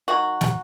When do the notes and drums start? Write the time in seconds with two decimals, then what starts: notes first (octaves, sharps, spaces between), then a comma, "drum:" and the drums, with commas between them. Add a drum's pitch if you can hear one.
0.08 D#3 F#3 F#4
0.41 drum: snare